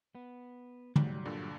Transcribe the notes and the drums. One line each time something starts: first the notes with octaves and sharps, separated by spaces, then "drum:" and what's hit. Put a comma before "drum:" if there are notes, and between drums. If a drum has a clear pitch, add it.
B3
G#2 F#3 G3, drum: tom
G2 A#2 D3